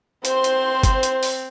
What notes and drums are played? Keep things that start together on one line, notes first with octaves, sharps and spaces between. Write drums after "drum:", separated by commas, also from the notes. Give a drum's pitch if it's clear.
C4 C5 C6, drum: hi-hat
drum: hi-hat
drum: kick G1, hi-hat
drum: hi-hat
drum: open hi-hat